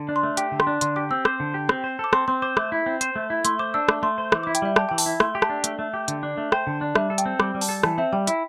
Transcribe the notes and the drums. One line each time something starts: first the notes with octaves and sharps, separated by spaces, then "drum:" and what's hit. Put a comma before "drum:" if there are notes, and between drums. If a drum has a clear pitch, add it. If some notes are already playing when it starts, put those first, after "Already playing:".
Already playing: D3
D4
C6
A3
G4 G5, drum: hi-hat
D3
C6, drum: rim click
D4
D3 C6, drum: hi-hat
G4 D6
C4 E6
C5 D6, drum: rim click
D3
G4
C4, drum: rim click
C5
A4 D6
C4 C6, drum: rim click
C4 C6
C5 D6
A3 D6, drum: rim click
E4
C4
C5, drum: hi-hat
A3
E4
A3 C6, drum: hi-hat
C5 D6
D4 E6
A3 D6, drum: rim click
A3 C6
C5
E3 D6, drum: rim click
E4 D6
G5, drum: hi-hat
G3 E5
G4 A5, drum: rim click
E3 G5
A5, drum: open hi-hat
E4
A3 C6, drum: rim click
G4
A5, drum: rim click
D4
A3, drum: hi-hat
A3
G4
D3, drum: hi-hat
D4
A3
C5 G5, drum: rim click
D3
D4
G3 E5, drum: rim click
A4
G5, drum: hi-hat
C4
G3 D6, drum: rim click
G3
A5, drum: open hi-hat
A4
E3 A5, drum: rim click
C4 E5
G3 G5
E4, drum: hi-hat